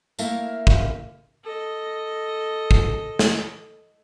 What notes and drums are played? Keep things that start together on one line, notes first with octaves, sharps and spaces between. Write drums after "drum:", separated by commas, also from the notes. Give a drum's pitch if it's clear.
A3 A#3 E4 A#4 E5 F5, drum: tambourine
drum: kick
A4 D#5
drum: kick
drum: snare